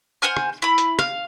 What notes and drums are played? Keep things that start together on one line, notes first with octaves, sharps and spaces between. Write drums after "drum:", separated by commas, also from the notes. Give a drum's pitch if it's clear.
C5 F#5 G#5 F6
drum: rim click
E4 B5
drum: hi-hat
F5, drum: rim click